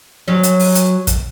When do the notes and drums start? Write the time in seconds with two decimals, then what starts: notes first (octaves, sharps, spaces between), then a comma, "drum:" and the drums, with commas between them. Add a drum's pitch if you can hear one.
0.28 F#3 C#4
0.43 drum: hi-hat
0.59 drum: open hi-hat
0.75 drum: hi-hat
1.07 drum: kick, hi-hat